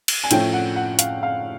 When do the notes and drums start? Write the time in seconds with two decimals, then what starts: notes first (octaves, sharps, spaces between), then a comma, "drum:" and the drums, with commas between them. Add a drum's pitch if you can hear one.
0.08 drum: cymbal
0.24 G#5
0.31 A2 F3 A3 C#4 G5, drum: hi-hat
0.53 F#5
0.76 F#5
0.99 F5, drum: hi-hat
1.23 F5